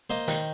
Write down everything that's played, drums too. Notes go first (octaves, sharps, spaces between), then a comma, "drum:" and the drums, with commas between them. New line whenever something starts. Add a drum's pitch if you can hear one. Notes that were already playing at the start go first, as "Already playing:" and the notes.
A#3 C5 D#5
D#3, drum: hi-hat